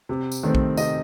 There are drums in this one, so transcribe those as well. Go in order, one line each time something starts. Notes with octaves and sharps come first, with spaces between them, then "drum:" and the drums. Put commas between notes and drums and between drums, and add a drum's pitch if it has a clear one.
C3
drum: tambourine
D#3 A3 C4
drum: kick
C3 D#5, drum: tambourine